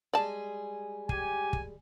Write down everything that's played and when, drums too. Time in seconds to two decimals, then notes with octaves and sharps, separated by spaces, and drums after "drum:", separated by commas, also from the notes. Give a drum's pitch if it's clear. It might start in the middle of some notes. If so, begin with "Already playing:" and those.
0.13 G3 G#3 G#4 D5 A5
1.09 G4 G#5, drum: kick
1.53 drum: kick